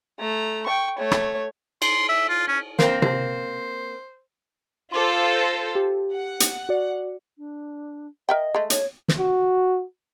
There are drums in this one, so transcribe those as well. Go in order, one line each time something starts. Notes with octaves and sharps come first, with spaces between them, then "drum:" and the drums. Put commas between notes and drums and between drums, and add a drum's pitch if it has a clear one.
A3 A#5
G5 C#6
A3 C#5
drum: rim click
C6, drum: cymbal
E5
F4
C#4
A#3 C4 C5, drum: snare
C5, drum: tom C3
F4 A4 C5 C6 D6
G6 A#6
G4
F#5
drum: hi-hat
F#4 D5
D4
A#4 D#5 E5 G5
G#3 A3
C#5, drum: hi-hat
drum: snare
F#4